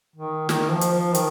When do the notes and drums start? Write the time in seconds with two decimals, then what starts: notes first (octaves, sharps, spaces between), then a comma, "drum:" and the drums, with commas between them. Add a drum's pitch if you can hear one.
0.16 D#3
0.49 D#3, drum: snare
0.71 F3
0.81 drum: hi-hat
0.92 F3
1.15 D#3, drum: hi-hat